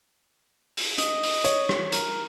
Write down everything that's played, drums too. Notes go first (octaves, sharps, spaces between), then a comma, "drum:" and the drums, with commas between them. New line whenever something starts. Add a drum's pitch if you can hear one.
drum: open hi-hat
D#5, drum: hi-hat
drum: open hi-hat
C#5, drum: hi-hat
drum: rim click
A#4, drum: hi-hat